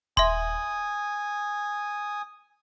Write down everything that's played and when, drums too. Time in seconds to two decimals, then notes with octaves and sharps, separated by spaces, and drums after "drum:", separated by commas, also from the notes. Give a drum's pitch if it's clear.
0.17 E5 G#5 C6 D#6, drum: kick D#1